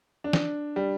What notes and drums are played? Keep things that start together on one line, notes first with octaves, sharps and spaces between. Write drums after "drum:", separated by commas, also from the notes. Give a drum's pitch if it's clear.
D4
drum: snare
G3